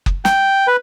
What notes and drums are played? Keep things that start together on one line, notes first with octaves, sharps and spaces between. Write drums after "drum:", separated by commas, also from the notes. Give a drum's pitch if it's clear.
drum: kick F#1
G5, drum: snare
B4